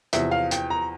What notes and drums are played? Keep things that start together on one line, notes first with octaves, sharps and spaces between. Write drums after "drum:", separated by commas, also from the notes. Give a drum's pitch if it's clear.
E2 C3 F3 E5, drum: hi-hat
F5
G5, drum: hi-hat
A#5